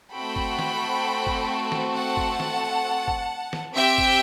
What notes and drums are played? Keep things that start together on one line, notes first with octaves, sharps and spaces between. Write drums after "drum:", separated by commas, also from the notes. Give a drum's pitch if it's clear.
A3 C4 F#4 A4 G5 B5
drum: kick G1
drum: snare
drum: kick G1
drum: snare
F#5 A5
drum: kick G1
drum: snare
drum: kick G1
drum: snare
C4 G4 E5 G5
drum: kick G1